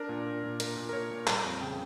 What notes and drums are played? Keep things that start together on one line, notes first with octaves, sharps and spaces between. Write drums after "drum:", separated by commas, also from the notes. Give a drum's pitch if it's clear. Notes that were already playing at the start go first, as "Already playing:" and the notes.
Already playing: D4 A#4
A#2
A#2
A#2
A#2 A#4, drum: hi-hat
A#2
A#4
A#2 C#5
A#2
G3, drum: clap
F2
C#3 G5